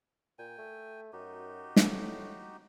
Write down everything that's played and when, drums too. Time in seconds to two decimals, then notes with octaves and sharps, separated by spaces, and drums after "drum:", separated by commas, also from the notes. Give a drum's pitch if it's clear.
0.38 A#2 G5 G#5
0.58 A3
1.13 F#2 D#4 F#4 G4
1.76 A2, drum: snare